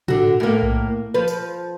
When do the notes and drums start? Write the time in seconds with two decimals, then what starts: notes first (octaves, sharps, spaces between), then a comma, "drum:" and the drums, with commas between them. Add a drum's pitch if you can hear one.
0.08 D3 F#4, drum: tom
0.40 A2 A#3
0.63 drum: kick B1
1.14 F3 B4
1.28 drum: tambourine